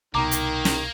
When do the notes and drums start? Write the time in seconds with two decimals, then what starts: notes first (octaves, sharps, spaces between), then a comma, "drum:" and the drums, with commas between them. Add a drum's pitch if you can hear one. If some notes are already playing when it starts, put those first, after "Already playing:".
0.15 C2 B2 D#3 A#3 A#5 D6
0.31 drum: hi-hat
0.65 drum: snare